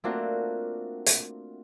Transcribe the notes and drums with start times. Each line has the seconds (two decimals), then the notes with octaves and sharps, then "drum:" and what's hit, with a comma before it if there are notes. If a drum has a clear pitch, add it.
0.04 A3 A#3 C4 D4 F4 F#4
1.06 drum: hi-hat